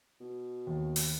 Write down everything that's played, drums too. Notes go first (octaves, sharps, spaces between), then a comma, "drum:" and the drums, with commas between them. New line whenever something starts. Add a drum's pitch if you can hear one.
B2
D#2
drum: open hi-hat